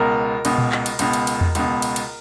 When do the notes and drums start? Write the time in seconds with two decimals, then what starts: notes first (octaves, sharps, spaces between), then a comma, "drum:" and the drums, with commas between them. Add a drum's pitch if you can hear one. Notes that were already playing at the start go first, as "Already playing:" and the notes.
Already playing: C#2 B2 A#4
0.45 C#2 B2, drum: cymbal
0.58 drum: tom A#2
0.72 drum: clap
0.86 drum: cymbal
0.99 C#2 B2, drum: cymbal
1.13 drum: cymbal
1.27 drum: cymbal
1.41 drum: tom E2
1.55 C#2 B2, drum: cymbal
1.82 drum: cymbal
1.96 drum: cymbal